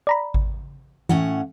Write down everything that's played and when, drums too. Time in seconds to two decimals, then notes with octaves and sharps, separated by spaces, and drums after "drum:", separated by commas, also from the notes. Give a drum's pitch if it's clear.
0.07 D5 A#5 B5
0.34 drum: kick G#1
1.09 A2 E3 C#4 F#5